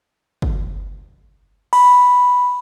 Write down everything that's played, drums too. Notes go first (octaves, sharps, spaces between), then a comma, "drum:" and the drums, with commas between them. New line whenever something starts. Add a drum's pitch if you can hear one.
drum: kick
B5, drum: cymbal